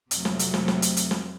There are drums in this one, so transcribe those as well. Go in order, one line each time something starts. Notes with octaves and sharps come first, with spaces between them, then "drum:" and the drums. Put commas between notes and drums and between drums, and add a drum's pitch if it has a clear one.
F2 C3 F#3 A3, drum: hi-hat
drum: snare
drum: hi-hat
drum: snare
drum: snare
drum: hi-hat
drum: hi-hat
drum: snare